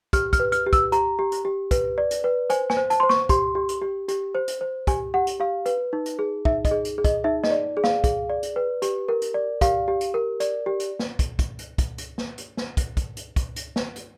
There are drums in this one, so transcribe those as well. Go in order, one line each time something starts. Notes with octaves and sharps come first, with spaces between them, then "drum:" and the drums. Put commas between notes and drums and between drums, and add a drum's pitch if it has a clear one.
G4 F6, drum: kick, hi-hat
F6, drum: kick, hi-hat
B4
F6, drum: hi-hat
G4
E6, drum: kick, hi-hat
G4 A#5, drum: hi-hat
G4
drum: hi-hat
G4
B4, drum: kick, hi-hat
D5
drum: hi-hat
B4
C5 G#5, drum: hi-hat
G#5, drum: snare
C5
A5, drum: hi-hat
C5 C6
C#6, drum: snare
G4 C6, drum: kick, hi-hat
G4
drum: hi-hat
G4
G4, drum: hi-hat
C5
drum: hi-hat
C5
G4 G#5, drum: kick, hi-hat
G4 F#5
drum: hi-hat
G4 F5
B4, drum: hi-hat
D#4
drum: hi-hat
G#4
D#4 E5, drum: kick
D#5, drum: kick, hi-hat
G#4
drum: hi-hat
G#4
D#5, drum: kick, hi-hat
D#4 E5
D#5, drum: snare
D5
G#4
F5, drum: snare
G#4, drum: kick, hi-hat
D5
drum: hi-hat
B4
G4, drum: hi-hat
A#4
drum: hi-hat
D5
G4 F5, drum: kick, hi-hat
G4
drum: hi-hat
A#4
D5, drum: hi-hat
G4
drum: hi-hat
drum: snare
drum: kick, hi-hat
drum: kick, hi-hat
drum: hi-hat
drum: kick, hi-hat
drum: hi-hat
drum: snare
drum: hi-hat
drum: snare
drum: kick, hi-hat
drum: kick, hi-hat
drum: hi-hat
drum: kick, hi-hat
drum: hi-hat
drum: snare
drum: hi-hat